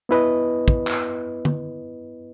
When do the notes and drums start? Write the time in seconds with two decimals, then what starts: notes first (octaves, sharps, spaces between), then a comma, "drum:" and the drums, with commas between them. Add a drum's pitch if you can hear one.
0.09 B3 E4 B4 D#5
0.68 drum: kick
0.87 drum: clap
1.45 drum: tom D3